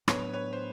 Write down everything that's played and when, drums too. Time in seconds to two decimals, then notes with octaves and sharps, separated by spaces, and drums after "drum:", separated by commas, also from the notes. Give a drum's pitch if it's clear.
0.08 A2 F#3 B3 D4 B4 C#5, drum: rim click
0.33 B4 C#5
0.53 C5